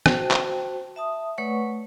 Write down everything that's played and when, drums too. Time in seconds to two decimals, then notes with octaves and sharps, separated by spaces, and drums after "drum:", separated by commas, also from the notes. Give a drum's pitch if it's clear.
0.06 F#4 C5 G5 A5, drum: rim click
0.31 drum: clap
0.96 E5 A5 D#6
1.38 A3 B4 C#5 D5 F#5 C#6